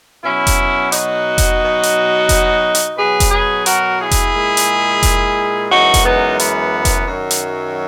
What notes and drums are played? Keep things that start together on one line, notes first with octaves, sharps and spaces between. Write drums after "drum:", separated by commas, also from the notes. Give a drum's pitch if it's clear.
B2 F#3 C#4 E4
drum: kick F1, hi-hat
D#4 F#4, drum: hi-hat
drum: kick F1, hi-hat
B2 F#3
drum: hi-hat
drum: kick F1, hi-hat
drum: hi-hat
B2 F#3 G#4 B4
drum: kick F1, hi-hat
G#4 B4
F#4 A#4, drum: hi-hat
E4 G#4
drum: kick F1, hi-hat
A#2 G#3
drum: hi-hat
drum: kick F1, hi-hat
F#2 E3 G#3 D#4 F#4
drum: kick F1, hi-hat
B3 D#4
B3, drum: hi-hat
drum: kick F1, hi-hat
F#2 D#3 F#3
drum: hi-hat